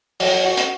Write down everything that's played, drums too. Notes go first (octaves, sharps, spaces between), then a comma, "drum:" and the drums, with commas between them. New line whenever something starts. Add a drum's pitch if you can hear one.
F#3, drum: open hi-hat
F#4
drum: hi-hat